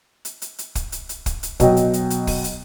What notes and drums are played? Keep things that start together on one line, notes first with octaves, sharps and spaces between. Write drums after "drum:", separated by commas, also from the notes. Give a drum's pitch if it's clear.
drum: hi-hat
drum: hi-hat
drum: hi-hat
drum: kick, hi-hat
drum: hi-hat
drum: hi-hat
drum: kick, hi-hat
drum: hi-hat
B2 F#3 D#5 G5, drum: kick, hi-hat
drum: hi-hat
drum: hi-hat
drum: hi-hat
drum: kick, open hi-hat
drum: hi-hat